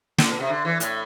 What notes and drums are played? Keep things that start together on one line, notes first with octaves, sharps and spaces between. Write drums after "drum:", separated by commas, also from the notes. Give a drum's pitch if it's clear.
D3, drum: snare
B2
C3
D3
E3
A2, drum: hi-hat